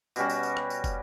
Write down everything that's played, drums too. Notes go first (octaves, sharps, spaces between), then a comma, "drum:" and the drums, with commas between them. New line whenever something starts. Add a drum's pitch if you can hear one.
B2 G3 C#4 F#4, drum: tambourine
drum: tambourine
drum: tambourine
drum: rim click
drum: tambourine
drum: kick, tambourine